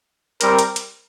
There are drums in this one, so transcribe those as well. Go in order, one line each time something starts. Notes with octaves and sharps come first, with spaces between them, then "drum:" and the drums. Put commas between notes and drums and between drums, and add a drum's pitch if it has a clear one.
G3 C4 A#4, drum: hi-hat
drum: hi-hat
drum: hi-hat